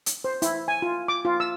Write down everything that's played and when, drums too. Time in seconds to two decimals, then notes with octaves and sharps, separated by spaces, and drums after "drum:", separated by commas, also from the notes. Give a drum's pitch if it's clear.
0.06 drum: hi-hat
0.24 C5
0.42 E4, drum: hi-hat
0.68 G#5
0.82 F4
1.08 D6
1.25 F4
1.40 E6